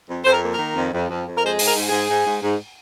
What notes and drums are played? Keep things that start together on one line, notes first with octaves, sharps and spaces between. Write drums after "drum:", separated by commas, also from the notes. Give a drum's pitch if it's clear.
F2
F2 C5
A#4
A#3
A#4
D#3
F2
F2
F2
F2
A#4
G#3 C5
G#2, drum: open hi-hat
A#4
G#2
G#4
G#2
G#2
G#2
G#2